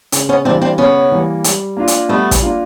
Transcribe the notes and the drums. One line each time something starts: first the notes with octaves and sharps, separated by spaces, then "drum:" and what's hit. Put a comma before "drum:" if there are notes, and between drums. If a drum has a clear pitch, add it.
C#3, drum: hi-hat
B3 C#4
E3 G3 A#3 C4 D4
C4 D4
C#3 B3 C#4
E3 G3 A#3
G3, drum: hi-hat
A#3 D4 F4
drum: hi-hat
G3 A3 B3
drum: kick, hi-hat
A#3 D4 F4